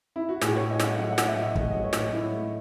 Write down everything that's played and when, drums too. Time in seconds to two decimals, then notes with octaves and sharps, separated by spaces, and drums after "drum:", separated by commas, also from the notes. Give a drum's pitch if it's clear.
0.16 E4
0.29 F#4
0.42 A2 G#4, drum: snare
0.56 A2 C#5
0.70 D#5
0.80 A3 F#5, drum: snare
0.98 F#3 F#5
1.13 F#5
1.18 A2, drum: snare
1.28 E5
1.36 A2
1.41 D#5
1.55 A3, drum: kick
1.70 F#3 D#5
1.84 C#5
1.93 A2, drum: snare
1.99 C#5
2.12 A2 E4
2.32 A3